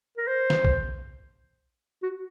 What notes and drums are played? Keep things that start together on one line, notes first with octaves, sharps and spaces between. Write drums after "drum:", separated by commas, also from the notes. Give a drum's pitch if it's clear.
A#4
C5
drum: snare
drum: kick B1
F#4